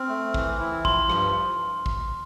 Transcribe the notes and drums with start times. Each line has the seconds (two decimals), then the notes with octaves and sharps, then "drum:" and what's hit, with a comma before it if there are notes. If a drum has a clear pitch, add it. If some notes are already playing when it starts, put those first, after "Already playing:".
Already playing: C4 F6
0.09 A3
0.34 E3, drum: kick
0.59 E4
0.85 F3 C6, drum: kick
1.10 G2, drum: rim click
1.86 drum: kick